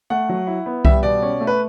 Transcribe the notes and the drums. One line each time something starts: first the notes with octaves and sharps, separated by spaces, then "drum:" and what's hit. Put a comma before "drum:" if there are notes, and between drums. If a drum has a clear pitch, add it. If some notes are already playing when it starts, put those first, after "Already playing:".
A3 F#5
F#3
E4
B3
G3 E5, drum: kick C2
B2 D5
C#4
A3
B4